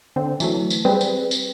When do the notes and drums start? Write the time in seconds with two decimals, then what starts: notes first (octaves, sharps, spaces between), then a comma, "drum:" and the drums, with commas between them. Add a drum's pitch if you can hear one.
0.16 D3 C4
0.40 E3 F#3 A3, drum: tambourine
0.70 drum: tambourine
0.85 G3 C4 G#4 B4
1.01 drum: tambourine
1.31 drum: tambourine